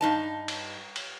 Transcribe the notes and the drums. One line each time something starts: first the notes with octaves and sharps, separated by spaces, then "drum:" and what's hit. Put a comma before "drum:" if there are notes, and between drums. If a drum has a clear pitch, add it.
G2 D#4 A5
drum: cymbal
drum: cymbal